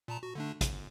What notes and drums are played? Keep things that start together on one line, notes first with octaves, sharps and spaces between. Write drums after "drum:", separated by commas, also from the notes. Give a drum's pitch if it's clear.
A#2 A5 A#5
F#4
D3 A3 D4
G1, drum: kick, hi-hat